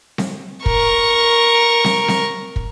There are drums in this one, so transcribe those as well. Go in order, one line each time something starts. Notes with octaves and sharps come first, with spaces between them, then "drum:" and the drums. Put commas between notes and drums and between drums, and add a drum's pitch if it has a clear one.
drum: snare C4
A#4 C#6, drum: kick
drum: snare C4
drum: snare C4
drum: kick